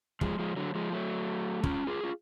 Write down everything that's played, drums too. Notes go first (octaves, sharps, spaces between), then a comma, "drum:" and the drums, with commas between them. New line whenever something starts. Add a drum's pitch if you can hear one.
F3 G#3, drum: kick
F3 G#3
D3 F#3
F3 G#3
F#3 A3
C#4 F4, drum: kick
F4 G#4
F4